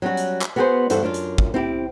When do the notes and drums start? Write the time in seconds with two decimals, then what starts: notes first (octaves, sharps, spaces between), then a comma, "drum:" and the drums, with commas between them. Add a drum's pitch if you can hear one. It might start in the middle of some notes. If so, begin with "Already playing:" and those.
0.02 F#3 G3 C#4 F#4
0.17 drum: hi-hat
0.42 drum: clap
0.56 B3 F#4 G#4 A4 B4 C5
0.90 E2 G2 F#4 A4 C5, drum: hi-hat
1.03 F#2 D4 F4
1.14 drum: hi-hat
1.38 drum: kick
1.54 C4 E4 G4